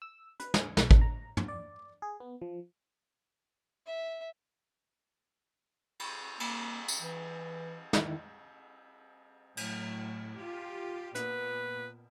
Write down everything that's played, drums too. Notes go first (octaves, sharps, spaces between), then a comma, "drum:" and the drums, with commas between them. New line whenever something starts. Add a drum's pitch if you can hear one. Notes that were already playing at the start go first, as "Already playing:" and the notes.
E6
B4, drum: hi-hat
G#5, drum: snare
B1, drum: snare
drum: kick G#1
A#5
drum: tom
D5
G#4
B3
F3
E5
drum: cymbal
A#3, drum: cymbal
drum: tambourine
E3
D#3 E4, drum: snare
A2 F#3, drum: cymbal
F4 G4
A#2 B3 B4, drum: hi-hat